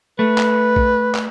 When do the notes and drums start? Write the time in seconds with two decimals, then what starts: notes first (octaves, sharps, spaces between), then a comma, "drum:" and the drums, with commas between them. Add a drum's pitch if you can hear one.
0.19 A3 B4
0.38 drum: clap
0.76 drum: kick
1.15 drum: clap